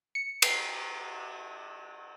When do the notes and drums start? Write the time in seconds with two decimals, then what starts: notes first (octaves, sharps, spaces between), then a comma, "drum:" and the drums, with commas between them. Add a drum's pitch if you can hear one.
0.15 C#7
0.42 C7, drum: cymbal